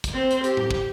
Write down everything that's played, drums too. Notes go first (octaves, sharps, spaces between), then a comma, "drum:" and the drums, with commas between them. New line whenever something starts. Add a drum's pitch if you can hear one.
drum: kick, hi-hat
C4 C5
drum: hi-hat
G4, drum: hi-hat
drum: tom A2
drum: kick